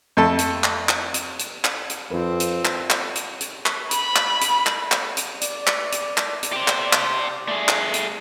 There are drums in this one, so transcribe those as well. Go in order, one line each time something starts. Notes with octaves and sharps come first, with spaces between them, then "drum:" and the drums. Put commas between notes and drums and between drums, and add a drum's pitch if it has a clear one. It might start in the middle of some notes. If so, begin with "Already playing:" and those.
F2 A3 A4 A5
drum: hi-hat
drum: clap
drum: clap
drum: hi-hat
drum: hi-hat
drum: clap
drum: hi-hat
F2 C4 F4 B4
drum: hi-hat
drum: clap
drum: clap
drum: hi-hat
drum: hi-hat
drum: clap
B5, drum: hi-hat
drum: clap
drum: hi-hat
drum: clap
drum: clap
drum: hi-hat
D5, drum: hi-hat
drum: clap
drum: hi-hat
drum: clap
drum: hi-hat
G4 C5
drum: clap
drum: clap
A3 G#4
drum: clap
drum: hi-hat